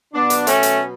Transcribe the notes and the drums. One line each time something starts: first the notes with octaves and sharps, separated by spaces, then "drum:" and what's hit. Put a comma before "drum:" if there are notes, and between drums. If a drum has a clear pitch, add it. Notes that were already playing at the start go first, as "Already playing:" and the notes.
B2 F#3 B3 D4
drum: hi-hat
A3 C#4, drum: hi-hat
drum: hi-hat